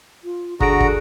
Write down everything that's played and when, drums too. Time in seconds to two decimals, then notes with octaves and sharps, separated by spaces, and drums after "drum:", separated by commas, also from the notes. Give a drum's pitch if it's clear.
0.24 F4
0.60 D3 F#4 G#4 A4 A#5 D7, drum: kick
0.80 drum: kick